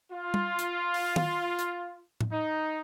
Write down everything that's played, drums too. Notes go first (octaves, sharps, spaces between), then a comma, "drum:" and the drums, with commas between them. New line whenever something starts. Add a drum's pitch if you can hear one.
F4
drum: tom G3
drum: hi-hat
drum: open hi-hat
drum: tom
drum: hi-hat
drum: tom A2
D#4